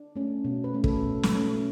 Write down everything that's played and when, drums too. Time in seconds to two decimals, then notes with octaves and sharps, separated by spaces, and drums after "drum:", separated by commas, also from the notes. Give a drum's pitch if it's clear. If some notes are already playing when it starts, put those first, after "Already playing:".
Already playing: D4
0.16 A3 C#4
0.45 B2
0.64 B4
0.74 A3 C#4
0.84 A4, drum: kick
1.03 B2
1.23 drum: snare
1.33 A3 C#4